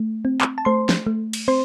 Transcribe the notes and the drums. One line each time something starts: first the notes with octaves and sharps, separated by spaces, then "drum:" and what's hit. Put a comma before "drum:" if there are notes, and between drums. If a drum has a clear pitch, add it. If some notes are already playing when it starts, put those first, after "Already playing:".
Already playing: A3
C4
drum: clap
A5
A3 C5 C6
drum: snare
A3
drum: cymbal
C4 C5 C6